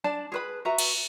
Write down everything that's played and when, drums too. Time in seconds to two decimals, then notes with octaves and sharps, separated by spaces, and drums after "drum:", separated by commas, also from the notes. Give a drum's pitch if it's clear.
0.04 D4 D5 A5
0.32 G#4 B4 B5
0.65 F#4 B4 E5 A#5
0.78 drum: cymbal